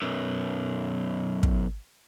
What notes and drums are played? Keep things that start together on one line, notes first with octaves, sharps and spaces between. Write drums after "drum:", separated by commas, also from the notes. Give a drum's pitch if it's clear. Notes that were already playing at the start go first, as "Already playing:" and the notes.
B1 F#2
drum: kick